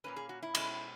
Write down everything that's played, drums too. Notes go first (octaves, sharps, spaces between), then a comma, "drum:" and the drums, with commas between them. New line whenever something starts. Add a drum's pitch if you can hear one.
A#2 A#3 C#4 B4
G#4
F#4
E4
B2 G#3 C#4, drum: cymbal